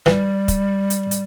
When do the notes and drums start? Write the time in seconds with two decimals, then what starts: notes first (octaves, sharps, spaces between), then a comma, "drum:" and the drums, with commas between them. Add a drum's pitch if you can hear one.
0.06 E3 G3, drum: rim click
0.48 drum: kick, hi-hat
0.90 drum: hi-hat
1.11 drum: hi-hat